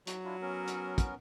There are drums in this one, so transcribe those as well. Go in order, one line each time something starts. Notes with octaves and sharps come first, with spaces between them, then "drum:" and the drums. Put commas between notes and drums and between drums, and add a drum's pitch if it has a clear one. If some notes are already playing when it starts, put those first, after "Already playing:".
F#3, drum: hi-hat
D4 E4 F4
B3 C#4 A#4
drum: hi-hat
drum: kick, hi-hat